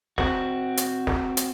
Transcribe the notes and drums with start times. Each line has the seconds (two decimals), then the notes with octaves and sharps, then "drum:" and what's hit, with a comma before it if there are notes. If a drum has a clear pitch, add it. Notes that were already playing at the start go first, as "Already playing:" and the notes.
0.18 C4 F#4, drum: snare
0.77 drum: hi-hat
1.07 drum: snare
1.37 drum: hi-hat